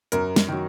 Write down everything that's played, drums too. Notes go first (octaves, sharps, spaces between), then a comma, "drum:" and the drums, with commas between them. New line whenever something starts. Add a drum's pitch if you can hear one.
F#2 A#4, drum: hi-hat
drum: snare
D#3 F#3